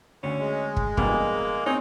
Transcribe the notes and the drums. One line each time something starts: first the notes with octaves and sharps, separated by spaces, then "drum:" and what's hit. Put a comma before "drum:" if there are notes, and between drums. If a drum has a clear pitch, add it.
D2 C#4
G#3
drum: kick
A1 G2 B2 A#3, drum: kick
C4 D#4 C#5 G#5